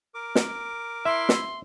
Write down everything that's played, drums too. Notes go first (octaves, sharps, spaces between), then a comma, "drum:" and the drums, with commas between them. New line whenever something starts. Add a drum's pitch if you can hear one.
A#4 D6
drum: snare
E4 E5 C6
drum: snare